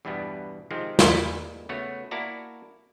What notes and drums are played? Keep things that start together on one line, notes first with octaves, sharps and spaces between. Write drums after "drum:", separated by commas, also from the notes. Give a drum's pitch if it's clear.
E2 G2 B2 G3 B3
C3 D#3 F3 G#3 C4
G3 G#3 A#3 E4 B4 A#5, drum: snare
C#3 A3 B3 F#4 C#5
A#3 E4 F#4 D5 A5 A#5